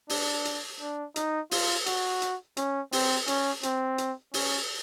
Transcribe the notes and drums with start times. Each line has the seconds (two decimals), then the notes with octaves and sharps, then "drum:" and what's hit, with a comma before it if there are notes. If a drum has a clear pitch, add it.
0.09 D4, drum: open hi-hat
0.45 drum: hi-hat
0.81 D4
1.16 D#4, drum: hi-hat
1.51 F4, drum: open hi-hat
1.86 F#4, drum: hi-hat
2.22 drum: hi-hat
2.57 C#4, drum: hi-hat
2.92 C4, drum: open hi-hat
3.28 C#4, drum: hi-hat
3.63 C4, drum: hi-hat
3.98 drum: hi-hat
4.34 C#4, drum: open hi-hat